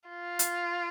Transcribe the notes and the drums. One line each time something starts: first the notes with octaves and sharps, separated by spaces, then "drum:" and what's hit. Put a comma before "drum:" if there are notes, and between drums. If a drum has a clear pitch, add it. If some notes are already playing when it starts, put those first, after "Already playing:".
F4
drum: hi-hat